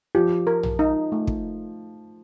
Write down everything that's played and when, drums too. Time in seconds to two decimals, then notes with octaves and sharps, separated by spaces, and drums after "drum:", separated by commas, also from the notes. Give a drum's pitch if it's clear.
0.15 F3 G4
0.47 A#4
0.63 drum: tom A#1
0.79 D#4
1.12 A3
1.27 drum: kick